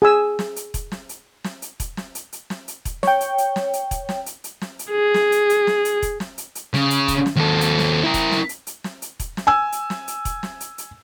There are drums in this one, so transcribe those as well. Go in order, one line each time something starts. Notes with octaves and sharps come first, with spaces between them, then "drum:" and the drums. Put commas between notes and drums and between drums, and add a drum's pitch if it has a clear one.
G#4 G#5 E6
drum: snare
drum: hi-hat
drum: kick E1, hi-hat
drum: snare
drum: hi-hat
drum: snare
drum: hi-hat
drum: kick E1, hi-hat
drum: snare
drum: hi-hat
drum: hi-hat
drum: snare
drum: hi-hat
drum: kick E1, hi-hat
C#5 G5, drum: snare
drum: hi-hat
drum: hi-hat
drum: snare
drum: hi-hat
drum: kick E1, hi-hat
drum: snare
drum: hi-hat
drum: hi-hat
drum: snare
drum: hi-hat
G#4
drum: snare
drum: hi-hat
drum: hi-hat
drum: snare
drum: hi-hat
drum: kick E1, hi-hat
drum: snare
drum: hi-hat
drum: hi-hat
C#3, drum: snare
drum: hi-hat
drum: kick E1, hi-hat
drum: snare
D#2 A4
drum: hi-hat
drum: snare
E4 A#4
drum: kick E1, hi-hat
drum: snare
drum: hi-hat
drum: hi-hat
drum: snare
drum: hi-hat
drum: kick E1, hi-hat
drum: snare
G#5 E6
drum: hi-hat
drum: snare
drum: hi-hat
drum: kick E1, hi-hat
drum: snare
drum: hi-hat
drum: hi-hat